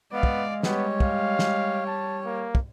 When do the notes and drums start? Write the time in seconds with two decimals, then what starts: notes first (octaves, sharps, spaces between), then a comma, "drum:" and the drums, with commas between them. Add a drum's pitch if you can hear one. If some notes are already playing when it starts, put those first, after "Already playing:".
0.12 G#3 B3 D5 F5
0.23 drum: kick
0.63 G3 B3 C#5, drum: snare
1.00 F5, drum: kick
1.39 drum: snare
1.87 A5
2.25 A#3
2.55 drum: kick